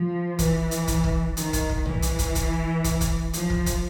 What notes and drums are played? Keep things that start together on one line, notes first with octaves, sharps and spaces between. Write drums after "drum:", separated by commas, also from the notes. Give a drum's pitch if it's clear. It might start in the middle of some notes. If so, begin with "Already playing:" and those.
Already playing: F3
E3, drum: kick, hi-hat
drum: hi-hat
drum: kick, hi-hat
drum: kick
D#3, drum: hi-hat
drum: kick, hi-hat
drum: kick
E3, drum: tom B1
drum: hi-hat
drum: kick, hi-hat
drum: kick, hi-hat
drum: kick, hi-hat
drum: kick, hi-hat
F3, drum: hi-hat
drum: kick
drum: kick, hi-hat